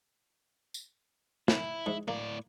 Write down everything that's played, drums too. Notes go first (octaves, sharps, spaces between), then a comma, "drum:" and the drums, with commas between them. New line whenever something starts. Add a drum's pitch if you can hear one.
drum: tambourine
E4, drum: snare
G#2
A2 A#3 D5